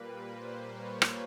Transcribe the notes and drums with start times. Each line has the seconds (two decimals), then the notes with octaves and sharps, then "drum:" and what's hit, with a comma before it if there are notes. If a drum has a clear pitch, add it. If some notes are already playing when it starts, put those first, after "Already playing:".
Already playing: A#2 G3 A#3 B4
0.27 C5
0.72 C#5
1.02 drum: rim click